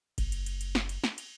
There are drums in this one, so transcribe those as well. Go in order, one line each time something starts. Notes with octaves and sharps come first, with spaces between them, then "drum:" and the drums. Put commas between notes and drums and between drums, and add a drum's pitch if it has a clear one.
F#1, drum: kick A1, cymbal
drum: cymbal
drum: cymbal
drum: cymbal
drum: snare
drum: cymbal
drum: snare
drum: cymbal